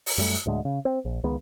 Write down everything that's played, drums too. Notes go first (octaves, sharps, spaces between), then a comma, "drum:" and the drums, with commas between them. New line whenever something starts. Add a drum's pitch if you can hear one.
drum: open hi-hat
F#2 G3 A3
D2 A2 D3 G#3
C#3
C4
A#1
C#2 D#3 G#3 B3